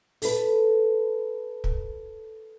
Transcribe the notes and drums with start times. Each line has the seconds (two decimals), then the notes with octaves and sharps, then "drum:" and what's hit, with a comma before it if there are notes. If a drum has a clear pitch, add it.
0.22 A4 B4, drum: open hi-hat
1.64 drum: kick